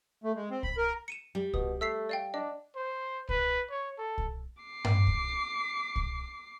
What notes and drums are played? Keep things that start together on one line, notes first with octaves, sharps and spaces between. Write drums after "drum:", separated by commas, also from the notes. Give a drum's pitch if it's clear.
A3
G#3
C4
B5, drum: kick C2
A#4
C#7 D#7 E7
G3
B2 D#6, drum: kick C2
A3 E6 B6 C7
D5 F5 G5
D4 D#5
C5
B4, drum: kick C2
C#5
A4
drum: kick C2
D6 C7
drum: tom G2
drum: kick C2
drum: kick C2